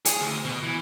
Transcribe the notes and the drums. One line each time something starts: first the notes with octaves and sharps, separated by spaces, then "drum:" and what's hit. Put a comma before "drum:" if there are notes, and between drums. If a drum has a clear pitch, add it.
G#4, drum: hi-hat
D2
B2
E3